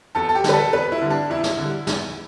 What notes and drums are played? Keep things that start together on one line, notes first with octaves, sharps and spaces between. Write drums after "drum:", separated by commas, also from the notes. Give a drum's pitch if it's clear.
E2 A4
A4
G4
D3 G3 B4, drum: snare
A4
E2 B4
E4
D3 G3
D4
E2 E4
drum: snare
D3 G3
E2, drum: snare